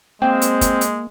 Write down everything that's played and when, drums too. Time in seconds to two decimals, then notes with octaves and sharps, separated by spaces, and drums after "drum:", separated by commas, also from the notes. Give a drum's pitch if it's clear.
0.22 G#3 A#3 C4 G5
0.42 drum: hi-hat
0.61 drum: kick, hi-hat
0.81 drum: hi-hat